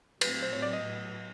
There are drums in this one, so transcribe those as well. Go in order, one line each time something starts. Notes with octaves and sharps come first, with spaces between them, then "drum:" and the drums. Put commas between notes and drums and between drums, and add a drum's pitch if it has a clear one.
A#2 F#3 A3 C4 B4, drum: cymbal
C5
A2 F#3 A3 C4 C#5
D5
D#5
A2 F#3 B3